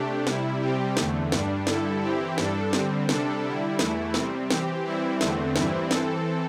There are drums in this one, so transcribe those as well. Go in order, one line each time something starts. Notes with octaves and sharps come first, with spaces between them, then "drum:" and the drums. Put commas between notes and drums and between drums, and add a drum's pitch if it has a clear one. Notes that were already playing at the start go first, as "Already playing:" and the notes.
Already playing: C3 A3 D4 G4
C3 G3 E4, drum: snare
C3 G3 C4 G4
E2 D3 A3, drum: snare
G2 G3 D4, drum: snare
G2 D3 G3 E4 A4, drum: snare
E3 C4 E4 G4
G2 G3 D4 A4, drum: snare
D3 G3 C4, drum: snare
C3 G3 D4 A4, drum: snare
D3 G3 E4
E2 E3 A3 E4, drum: snare
C3 G3 C4, drum: snare
E3 C4 G4, drum: snare
E3 G3 C4 E4
E2 D3 A3 C4, drum: snare
G2 E3 G3 C4 E4, drum: snare
E3 C4 A4, drum: snare